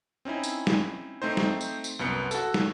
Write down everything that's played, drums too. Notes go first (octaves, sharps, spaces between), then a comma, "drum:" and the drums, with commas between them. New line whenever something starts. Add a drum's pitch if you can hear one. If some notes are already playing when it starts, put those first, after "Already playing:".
C4 C#4 D#4 E4
drum: tambourine
drum: snare
A3 C4 D#4 C5
drum: snare
drum: tambourine
drum: tambourine
C2 F#2 B3 C#7
F#4 A4, drum: tambourine
drum: snare